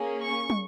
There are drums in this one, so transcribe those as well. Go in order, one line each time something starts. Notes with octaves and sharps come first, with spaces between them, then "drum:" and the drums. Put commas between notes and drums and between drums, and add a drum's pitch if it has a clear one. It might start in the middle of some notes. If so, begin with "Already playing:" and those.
Already playing: A#3 C#4 G#4
C#6
drum: tom